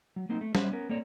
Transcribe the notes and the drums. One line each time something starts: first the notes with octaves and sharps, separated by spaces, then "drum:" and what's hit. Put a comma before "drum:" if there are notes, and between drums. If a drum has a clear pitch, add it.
F#3
F#3 A#3 C4 D#4
A3
G3 C#4 C5 E5 F#5, drum: snare
B3 C#4 A#4
A#3 C4 A4 C#5 D5